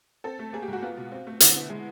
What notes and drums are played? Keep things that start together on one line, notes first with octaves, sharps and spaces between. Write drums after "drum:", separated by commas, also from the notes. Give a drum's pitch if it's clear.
C4 A4
A3
A#3 G#4
G4
G#2 F#4
B3 F4
B2
C4
A3
D3 E4, drum: hi-hat
B3
G#3